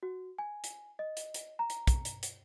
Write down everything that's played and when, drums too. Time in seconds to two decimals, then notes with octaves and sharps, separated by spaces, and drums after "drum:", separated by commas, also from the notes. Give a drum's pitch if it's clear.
0.03 F#4
0.39 G#5
0.64 drum: hi-hat
0.99 D#5
1.17 drum: hi-hat
1.34 drum: hi-hat
1.59 A#5
1.70 drum: hi-hat
1.87 drum: kick, hi-hat
2.05 drum: hi-hat
2.23 drum: hi-hat